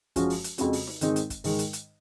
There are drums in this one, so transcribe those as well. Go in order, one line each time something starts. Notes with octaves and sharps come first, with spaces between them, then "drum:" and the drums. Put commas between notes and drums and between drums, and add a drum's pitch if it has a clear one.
F#2 F3 G#3 C#4 F#4, drum: kick, hi-hat
drum: open hi-hat
drum: hi-hat
F2 C#3 G#3 C4 F#4, drum: hi-hat
drum: open hi-hat
drum: snare D#4
G#2 D#3 G#3 C4 D#4, drum: hi-hat
drum: hi-hat
drum: kick, hi-hat
G#2 D#3 G#3, drum: open hi-hat
drum: hi-hat
drum: hi-hat